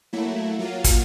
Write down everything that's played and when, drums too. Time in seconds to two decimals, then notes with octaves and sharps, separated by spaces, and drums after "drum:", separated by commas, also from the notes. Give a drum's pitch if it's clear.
0.13 F#3 A3 A#3 E4
0.59 F#3 A#3 F4
0.84 drum: kick, hi-hat